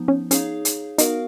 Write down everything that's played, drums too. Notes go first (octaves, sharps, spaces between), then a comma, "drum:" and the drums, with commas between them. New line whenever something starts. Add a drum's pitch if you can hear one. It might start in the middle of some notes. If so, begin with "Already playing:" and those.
Already playing: F3 B3 D#4
C#4
C#4 D#4 G#4 C#5 F5, drum: hi-hat
drum: hi-hat
B3 D#4 F#4 A#4 F5, drum: hi-hat